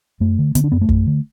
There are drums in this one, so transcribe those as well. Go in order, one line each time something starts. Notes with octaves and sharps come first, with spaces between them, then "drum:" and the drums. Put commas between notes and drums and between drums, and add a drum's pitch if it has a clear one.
F#2 A3
D3
D3 B3, drum: hi-hat
D4
F#2 B3
A3
F#2, drum: kick
D3